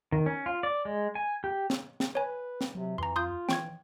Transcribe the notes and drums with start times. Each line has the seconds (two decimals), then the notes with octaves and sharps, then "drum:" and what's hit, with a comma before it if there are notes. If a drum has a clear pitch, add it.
0.12 D#3
0.26 C#4
0.46 F4
0.63 D5
0.85 G#3
1.15 G#5
1.44 G4
1.70 drum: snare
2.00 drum: snare
2.15 B4 C#5 G#5
2.61 drum: snare
2.75 C3 F#3
2.98 F2 E3 A#5 C6
3.16 F4 C6 D#6 G6
3.49 E3 G5 C#6 G#6, drum: snare